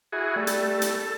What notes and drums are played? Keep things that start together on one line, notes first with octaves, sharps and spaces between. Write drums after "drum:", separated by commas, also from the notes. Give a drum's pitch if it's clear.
E4 F#4 G#4
G3 A3
drum: hi-hat
drum: hi-hat
A4